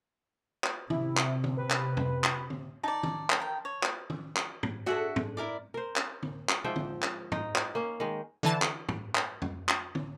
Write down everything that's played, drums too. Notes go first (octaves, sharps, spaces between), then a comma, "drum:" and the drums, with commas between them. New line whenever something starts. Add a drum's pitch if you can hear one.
drum: clap
C3 E4, drum: tom
drum: clap
drum: tom
B4
drum: clap
drum: tom F2
drum: clap
drum: tom
D#4 D5 A5
drum: tom
drum: clap
A#4 G5
C#5
drum: clap
drum: tom
drum: clap
drum: tom
D4 F#4 G#4 A4 E5 F#5
drum: tom
E4 A#4 D5
A#4 C5
drum: clap
drum: tom
drum: clap
G#2 F3 E5 G5
drum: tom
drum: clap
D#4, drum: tom
drum: clap
A#3 C#4
D#3 G#3
D3 E3 A5
drum: clap
drum: tom
drum: clap
drum: tom F2
drum: clap
drum: tom